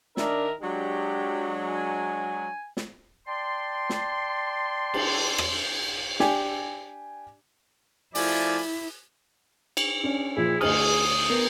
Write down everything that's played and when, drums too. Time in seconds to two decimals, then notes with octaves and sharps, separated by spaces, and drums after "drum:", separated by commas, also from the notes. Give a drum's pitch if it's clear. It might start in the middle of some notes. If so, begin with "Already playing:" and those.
0.17 D#3 D4 A#4 E5, drum: snare
0.61 F#3 G#3 D4 G4
1.67 G#5
2.77 drum: snare
3.27 D5 G5 A5 C6
3.90 drum: snare
4.94 drum: cymbal
5.38 drum: rim click
6.20 D4 G4 G#5, drum: snare
8.15 F3 A3 E4 D5 G#5, drum: open hi-hat
9.77 drum: cymbal
10.04 C#4 D4
10.37 A#2 F3 E4 G#4
10.61 D2 D#5 D#6 F6, drum: cymbal
11.30 B3 A#4